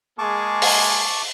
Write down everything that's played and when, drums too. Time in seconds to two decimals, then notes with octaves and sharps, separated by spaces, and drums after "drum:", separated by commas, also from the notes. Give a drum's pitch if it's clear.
0.19 G#3 A#3 G#4 A5 C#6 D6
0.62 drum: open hi-hat